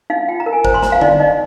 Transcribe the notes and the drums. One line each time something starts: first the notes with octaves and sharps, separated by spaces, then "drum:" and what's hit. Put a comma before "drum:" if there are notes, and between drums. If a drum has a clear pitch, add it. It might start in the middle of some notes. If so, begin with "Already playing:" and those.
D#4 F5
F4 G5
A#5
A#4
G#5
C5 A#5, drum: kick
C6
C5 A#5, drum: snare
F5
D#4 D5, drum: tom D3
D#4 D#5